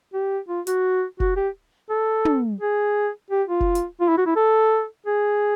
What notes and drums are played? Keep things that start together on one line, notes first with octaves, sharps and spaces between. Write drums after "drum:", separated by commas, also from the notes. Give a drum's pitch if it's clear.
G4
F4
F#4, drum: hi-hat
F#4, drum: kick F1
G4
A4
drum: tom
G#4
G4
F4
drum: kick F1
drum: hi-hat
F4
E4
F#4
E4
A4
G#4